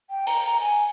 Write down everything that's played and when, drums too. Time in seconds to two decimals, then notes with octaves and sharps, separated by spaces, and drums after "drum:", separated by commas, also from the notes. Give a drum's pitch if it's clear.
0.10 G5
0.27 A#5, drum: open hi-hat
0.44 A#5
0.60 G#5